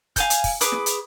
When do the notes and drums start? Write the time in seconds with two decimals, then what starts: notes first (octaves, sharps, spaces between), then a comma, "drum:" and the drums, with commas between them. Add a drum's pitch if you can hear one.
0.16 F5 G#5 G6, drum: kick, hi-hat
0.30 drum: hi-hat
0.44 drum: kick, open hi-hat
0.61 G#4 B4 D6 D#6, drum: hi-hat
0.72 drum: snare
0.86 drum: hi-hat